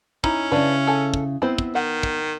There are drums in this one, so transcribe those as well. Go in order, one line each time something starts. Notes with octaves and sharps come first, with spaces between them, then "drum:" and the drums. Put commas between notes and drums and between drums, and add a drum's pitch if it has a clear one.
C#4 D#4 E4, drum: kick
C#3 D4 E4 B4
A4 G#5
drum: kick
B3 C4 E4 C5
drum: kick
D#3 F#5
drum: kick